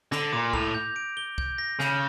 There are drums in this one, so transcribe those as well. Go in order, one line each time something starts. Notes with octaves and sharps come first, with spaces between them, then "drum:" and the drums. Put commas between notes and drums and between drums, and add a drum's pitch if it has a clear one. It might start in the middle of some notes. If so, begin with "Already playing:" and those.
D3 A#6, drum: snare
A#2 D6
A2 F7, drum: kick
G6
D7
G7
G6, drum: kick
A#6
C#3 G6, drum: snare